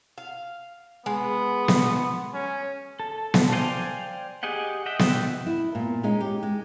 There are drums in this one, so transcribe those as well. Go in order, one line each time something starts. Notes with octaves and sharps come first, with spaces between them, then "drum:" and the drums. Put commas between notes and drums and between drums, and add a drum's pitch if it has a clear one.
F5
G#3 B3
drum: snare B3
C#4
A4
drum: snare B3
C5 D5 F5 G5 G#5
G4 G#4 D#5 F#5 G5
D#5 E5 F#5 G5
drum: snare B3
E4
A#2 B3
G#3 C#4 D#4
G4
G#3